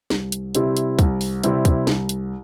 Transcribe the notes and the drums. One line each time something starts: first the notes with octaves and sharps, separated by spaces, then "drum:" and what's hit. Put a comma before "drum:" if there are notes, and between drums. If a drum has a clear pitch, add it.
C2, drum: snare
drum: hi-hat
C3 G3 C4 E4, drum: hi-hat
drum: hi-hat
C2, drum: kick, hi-hat
drum: open hi-hat
C3 G3 C4 E4, drum: hi-hat
drum: kick, hi-hat
C2, drum: snare
drum: hi-hat